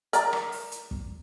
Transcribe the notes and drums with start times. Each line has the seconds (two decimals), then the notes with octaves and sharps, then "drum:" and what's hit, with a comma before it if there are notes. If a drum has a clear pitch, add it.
0.13 A#4 D5 A#5, drum: hi-hat
0.33 drum: rim click
0.52 drum: open hi-hat
0.72 drum: hi-hat
0.91 drum: kick